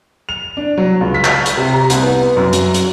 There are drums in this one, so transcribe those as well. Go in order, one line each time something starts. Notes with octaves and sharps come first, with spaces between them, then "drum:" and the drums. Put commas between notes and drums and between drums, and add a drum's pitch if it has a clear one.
F7
D4
F#3
C#2
B6
drum: clap
drum: hi-hat
C3
A#5
C2, drum: hi-hat
B3
F#2
F#3, drum: hi-hat
drum: hi-hat